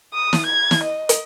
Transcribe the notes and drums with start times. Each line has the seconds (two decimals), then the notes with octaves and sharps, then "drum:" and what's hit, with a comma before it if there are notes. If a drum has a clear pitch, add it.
0.14 D#6
0.33 drum: snare
0.46 G#6
0.71 drum: snare
0.83 D#5
1.09 drum: hi-hat